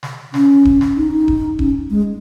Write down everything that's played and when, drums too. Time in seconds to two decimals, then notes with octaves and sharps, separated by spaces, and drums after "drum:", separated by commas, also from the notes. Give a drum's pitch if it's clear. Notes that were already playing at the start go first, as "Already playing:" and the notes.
0.03 drum: snare
0.34 C#4, drum: snare
0.65 drum: kick D#1
0.81 drum: snare
0.97 D#4
1.12 D#4
1.28 drum: kick D#1
1.59 C#4, drum: kick D#1
1.90 G#3